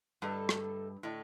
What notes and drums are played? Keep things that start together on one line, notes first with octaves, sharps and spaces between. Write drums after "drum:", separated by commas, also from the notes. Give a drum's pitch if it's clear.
G2 D3 A3 D#4 A4
drum: rim click
A2 D3 A3 D#4 A4